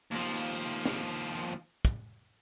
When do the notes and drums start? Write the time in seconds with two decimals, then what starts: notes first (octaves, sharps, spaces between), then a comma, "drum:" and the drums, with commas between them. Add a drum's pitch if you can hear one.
0.11 D#2 F3
0.36 drum: hi-hat
0.85 drum: snare
1.35 drum: hi-hat
1.85 drum: kick, hi-hat